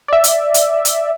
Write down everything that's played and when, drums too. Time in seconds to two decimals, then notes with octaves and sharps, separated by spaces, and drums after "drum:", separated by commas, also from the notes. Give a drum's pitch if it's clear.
0.08 D5 E5
0.24 drum: hi-hat
0.54 drum: hi-hat
0.85 drum: hi-hat